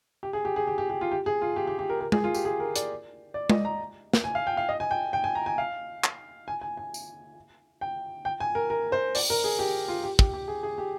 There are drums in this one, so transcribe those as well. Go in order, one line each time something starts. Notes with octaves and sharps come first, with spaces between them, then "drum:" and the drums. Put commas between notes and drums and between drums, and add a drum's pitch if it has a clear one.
G4
G#4
G4
G#4
G4
G4
G4
F4
G4
G#4
F4
G4
G4
G4
A#4
A#4
G#4, drum: tom G#3
F4
G4, drum: tambourine
G#4
A#4
D5, drum: hi-hat
D5
D#5, drum: tom G#3
A#5
drum: snare
G#5
F5
G5
F5
D#5
G#5
G5
G5
G#5
A#5
G#5
F5
drum: clap
G#5
G#5
G#5
drum: tambourine
G5
G5
G#5
A#4
A#4
C5
D5, drum: open hi-hat
A#4
G#4
G4
F4
G4
G4, drum: kick
G4
G#4
G#4
G4